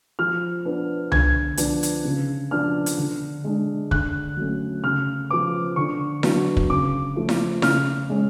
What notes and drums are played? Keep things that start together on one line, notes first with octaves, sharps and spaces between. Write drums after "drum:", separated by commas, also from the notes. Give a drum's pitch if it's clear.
F3 F6
B3 D4
D3 G#6, drum: tom C2
F3 B3 D4, drum: hi-hat
drum: hi-hat
C#3
F3 B3 D4 F6
drum: hi-hat
D3
G#3 D4
D3 F#6, drum: kick
F#3 A3 C#4
C#3 F6
F3 B3 D6
D3 C#6
F#3 B3 D4, drum: snare E4
drum: kick
C#3 D6
F3 A3
drum: snare E4
C#3 F6, drum: snare E4
G#3 C#4